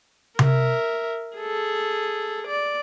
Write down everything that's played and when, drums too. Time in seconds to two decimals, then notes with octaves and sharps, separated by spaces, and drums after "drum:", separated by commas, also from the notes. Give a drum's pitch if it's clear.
0.39 A#4 E5, drum: tom C3
1.37 G#4 A4
2.47 D5